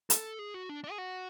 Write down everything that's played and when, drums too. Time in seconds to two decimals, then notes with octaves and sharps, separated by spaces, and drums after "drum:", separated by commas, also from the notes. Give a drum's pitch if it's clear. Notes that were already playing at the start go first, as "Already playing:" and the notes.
0.10 A4, drum: hi-hat
0.39 G#4
0.54 F#4
0.69 D4
0.84 D4
0.91 G#4
0.98 F#4